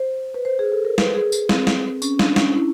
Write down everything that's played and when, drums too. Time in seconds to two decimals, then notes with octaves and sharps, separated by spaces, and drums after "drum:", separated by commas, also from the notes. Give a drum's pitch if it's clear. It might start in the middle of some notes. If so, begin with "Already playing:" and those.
Already playing: C5
0.34 B4
0.45 C5
0.59 G#4
0.72 A4
0.85 A#4
0.98 B4, drum: snare
1.15 G#4
1.32 drum: tambourine
1.49 C4, drum: snare
1.67 drum: snare
2.02 C#4, drum: tambourine
2.19 D4, drum: snare
2.36 C#4, drum: snare
2.54 E4